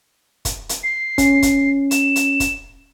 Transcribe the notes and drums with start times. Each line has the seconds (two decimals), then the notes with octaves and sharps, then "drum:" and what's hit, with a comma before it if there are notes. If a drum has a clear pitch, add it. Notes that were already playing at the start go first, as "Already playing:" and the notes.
0.45 drum: kick, hi-hat
0.69 drum: hi-hat
0.83 C7
1.18 C#4, drum: kick, hi-hat
1.42 drum: kick, hi-hat
1.91 E7, drum: hi-hat
2.16 drum: hi-hat
2.40 drum: kick, hi-hat